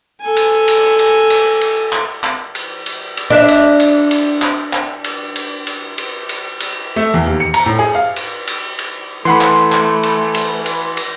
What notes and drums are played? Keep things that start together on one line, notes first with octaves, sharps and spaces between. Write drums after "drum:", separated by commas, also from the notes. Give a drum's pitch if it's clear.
A4 G#5
drum: cymbal
drum: cymbal
drum: cymbal
drum: cymbal
drum: cymbal
drum: clap
drum: clap
drum: cymbal
drum: cymbal
drum: cymbal
D4 E5
drum: cymbal
drum: cymbal
drum: cymbal
drum: clap
drum: clap
drum: cymbal
drum: cymbal
drum: cymbal
drum: cymbal
drum: cymbal
drum: cymbal
A3
E2
D#2
C#7
A#5, drum: cymbal
A2
G#4
F5
drum: cymbal
drum: cymbal
drum: cymbal
E3 A3 F#5 B5 C6
drum: clap
drum: clap
drum: cymbal
drum: cymbal
drum: cymbal
drum: cymbal